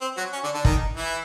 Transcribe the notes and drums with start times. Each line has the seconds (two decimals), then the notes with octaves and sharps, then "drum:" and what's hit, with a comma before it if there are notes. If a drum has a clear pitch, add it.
0.01 C4
0.17 F#3 F#4
0.33 C#4
0.44 D3 D4
0.54 D3 D4
0.65 D#3 D#4, drum: kick
0.97 E3 E4